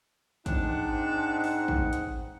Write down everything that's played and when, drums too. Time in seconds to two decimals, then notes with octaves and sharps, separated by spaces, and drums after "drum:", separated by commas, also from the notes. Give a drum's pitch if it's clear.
0.46 G#2 C4 D4 D#4 F#5, drum: kick A1, hi-hat
1.44 drum: open hi-hat
1.68 drum: kick A1
1.93 drum: hi-hat